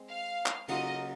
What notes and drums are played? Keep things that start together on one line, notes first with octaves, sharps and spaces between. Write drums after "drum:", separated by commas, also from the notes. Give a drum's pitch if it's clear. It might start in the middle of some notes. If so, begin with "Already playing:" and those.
Already playing: G#3 C4
F5
drum: clap
C#3 F#3 A#3 F4 D#5, drum: cymbal